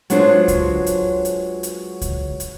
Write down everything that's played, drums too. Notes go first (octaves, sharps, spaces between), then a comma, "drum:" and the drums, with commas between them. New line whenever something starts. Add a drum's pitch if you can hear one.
F#3 G#3 B3 D4 F4 C5, drum: hi-hat
drum: kick C#2, hi-hat
drum: hi-hat
drum: hi-hat
drum: hi-hat
drum: kick C#2, hi-hat
drum: hi-hat